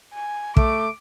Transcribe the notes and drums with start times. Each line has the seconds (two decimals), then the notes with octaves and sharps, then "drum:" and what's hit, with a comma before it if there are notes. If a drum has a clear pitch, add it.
0.14 G#5
0.57 A3 D6, drum: kick